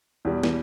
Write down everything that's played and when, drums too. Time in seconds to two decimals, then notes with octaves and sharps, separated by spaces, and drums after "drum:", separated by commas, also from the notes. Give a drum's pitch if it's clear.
0.25 E2 B2 E3 G3
0.43 E3, drum: snare